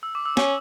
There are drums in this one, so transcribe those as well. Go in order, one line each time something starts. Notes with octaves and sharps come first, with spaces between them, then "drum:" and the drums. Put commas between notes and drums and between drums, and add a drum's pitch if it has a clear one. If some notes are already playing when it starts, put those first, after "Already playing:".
E6
D6
E6
C#4, drum: snare